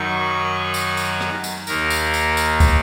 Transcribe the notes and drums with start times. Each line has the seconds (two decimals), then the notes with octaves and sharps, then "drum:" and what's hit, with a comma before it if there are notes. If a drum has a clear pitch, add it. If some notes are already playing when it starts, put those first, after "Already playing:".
Already playing: F#2 D#3 F#3 D#4 C#6
0.74 drum: tambourine
0.97 drum: tambourine
1.20 drum: rim click
1.44 drum: tambourine
1.67 D#2 D#3 A#3 A#4, drum: tambourine
1.90 drum: tambourine
2.14 drum: tambourine
2.37 drum: tambourine
2.60 drum: kick, tambourine